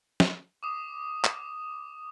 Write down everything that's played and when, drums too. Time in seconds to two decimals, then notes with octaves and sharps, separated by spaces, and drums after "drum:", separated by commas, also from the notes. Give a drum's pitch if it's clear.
0.20 drum: snare
0.63 D6 D#6 E7
1.24 drum: clap